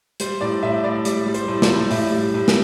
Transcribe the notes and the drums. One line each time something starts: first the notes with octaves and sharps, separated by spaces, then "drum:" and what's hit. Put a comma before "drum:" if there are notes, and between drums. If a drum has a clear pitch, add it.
G3 C5, drum: hi-hat
A2 D5
A2 E5
A2 D5
G3 D5, drum: hi-hat
G3
C5, drum: hi-hat
A2
D5, drum: snare
A2
A2 E5, drum: open hi-hat
G3
A2
drum: snare